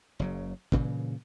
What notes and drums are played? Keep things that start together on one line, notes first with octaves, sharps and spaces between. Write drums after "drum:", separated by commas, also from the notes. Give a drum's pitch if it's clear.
F#1 C#3 F#3
G2 A#2 C#3 E3, drum: kick